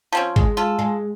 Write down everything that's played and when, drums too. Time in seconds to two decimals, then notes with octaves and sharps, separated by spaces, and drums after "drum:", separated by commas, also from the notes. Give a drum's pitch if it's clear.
0.12 F3 C4 C#4
0.36 G#3, drum: kick G#1
0.57 F4 A4
0.79 G#3